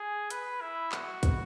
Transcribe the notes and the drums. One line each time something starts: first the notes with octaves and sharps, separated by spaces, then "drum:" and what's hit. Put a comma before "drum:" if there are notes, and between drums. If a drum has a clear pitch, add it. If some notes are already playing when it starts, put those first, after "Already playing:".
Already playing: G#4
B4, drum: hi-hat
E4
F#4, drum: clap
drum: kick, hi-hat